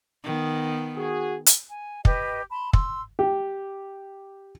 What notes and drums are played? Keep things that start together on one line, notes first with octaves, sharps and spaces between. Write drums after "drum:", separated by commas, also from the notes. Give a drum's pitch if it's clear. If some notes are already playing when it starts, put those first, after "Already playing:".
D#3 B3
F#4 G#4
drum: hi-hat
G#5
G4 B4 D#5 G5, drum: kick
A5 B5 C6
C6 E6, drum: kick
G4